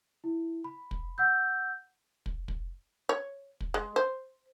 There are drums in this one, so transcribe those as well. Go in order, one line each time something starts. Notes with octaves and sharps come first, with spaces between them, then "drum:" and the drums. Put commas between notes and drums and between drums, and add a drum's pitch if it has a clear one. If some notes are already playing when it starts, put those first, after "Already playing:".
E4
B5
drum: kick
F#5 E6 G6
drum: kick
drum: kick
C#5
drum: kick
G#3
C5